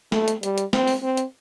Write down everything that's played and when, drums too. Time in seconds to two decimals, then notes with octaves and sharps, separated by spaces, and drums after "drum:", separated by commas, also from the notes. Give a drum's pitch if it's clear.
0.12 A3, drum: snare
0.28 drum: hi-hat
0.43 G3, drum: hi-hat
0.58 drum: hi-hat
0.73 C4, drum: snare
0.88 drum: open hi-hat
1.02 C4
1.17 drum: hi-hat